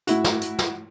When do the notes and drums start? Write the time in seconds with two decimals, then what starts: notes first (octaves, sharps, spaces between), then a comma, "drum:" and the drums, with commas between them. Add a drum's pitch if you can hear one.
0.07 A2 E4 F#4, drum: hi-hat
0.24 drum: snare
0.41 drum: hi-hat
0.59 drum: snare